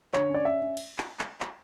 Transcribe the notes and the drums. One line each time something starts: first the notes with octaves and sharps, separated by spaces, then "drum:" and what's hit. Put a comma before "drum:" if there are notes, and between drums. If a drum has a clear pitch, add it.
D3 C#5, drum: clap
C#4 D5
C#4 E5
C#4
drum: cymbal
drum: clap
drum: clap
drum: clap